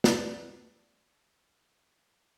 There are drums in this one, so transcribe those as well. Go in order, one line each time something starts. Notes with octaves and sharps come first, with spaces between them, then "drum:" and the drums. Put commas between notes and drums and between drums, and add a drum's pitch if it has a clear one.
B4 D5, drum: snare